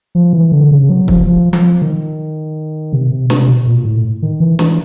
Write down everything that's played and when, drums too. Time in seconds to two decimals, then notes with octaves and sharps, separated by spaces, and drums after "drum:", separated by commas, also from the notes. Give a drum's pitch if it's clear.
0.15 F3
0.33 E3
0.52 D3
0.71 C#3
0.89 F#3
1.08 F3, drum: kick
1.26 F3
1.53 F3, drum: tom F3
1.82 D#3
2.93 C3
3.11 C3
3.30 C3, drum: snare
3.48 B2
3.66 A#2
3.85 A2
4.22 D#3
4.40 E3
4.59 E3, drum: snare